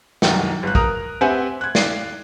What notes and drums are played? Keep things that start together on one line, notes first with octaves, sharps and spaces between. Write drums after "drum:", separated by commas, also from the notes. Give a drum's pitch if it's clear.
C2 F#2 D#3 F#3 F#5, drum: snare
G1 F#6
A#4 A#5 D#6, drum: kick
C4 G4 B4 E5 F#5 G#5
F#6 G#6
D5 F5 C7, drum: snare